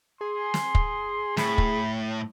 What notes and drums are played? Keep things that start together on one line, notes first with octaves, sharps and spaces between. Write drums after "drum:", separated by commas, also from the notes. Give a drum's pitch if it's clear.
G#4 C6
drum: snare
drum: kick
A2 B5, drum: snare
drum: kick